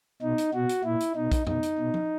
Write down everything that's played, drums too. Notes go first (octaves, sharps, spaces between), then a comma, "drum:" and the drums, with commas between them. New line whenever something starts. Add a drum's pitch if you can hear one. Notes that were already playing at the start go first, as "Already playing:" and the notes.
B2 D#4
drum: hi-hat
B2 F#4
drum: hi-hat
A#2 E4
drum: hi-hat
B2 D#4
drum: kick, hi-hat
B2 D#4, drum: tom F2
drum: hi-hat
B2
drum: tom F3